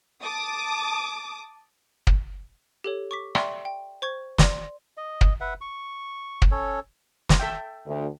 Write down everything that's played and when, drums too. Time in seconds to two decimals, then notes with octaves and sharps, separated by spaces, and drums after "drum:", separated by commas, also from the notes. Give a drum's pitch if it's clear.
0.23 A5 D6 D#6
2.07 drum: kick
2.84 G4 A4 C#5
3.11 C#6 D6 B6
3.35 D5 E5 G5 C6 C#6, drum: rim click
3.65 G5
4.02 C5 C#6 G#6
4.38 D5 C6, drum: snare
4.97 D#5
5.21 drum: kick
5.41 B4 E5 F#5
5.61 C#6
6.42 drum: kick
6.51 C#4 A4 C#5
7.29 drum: snare
7.39 A4 E5 G5
7.85 D2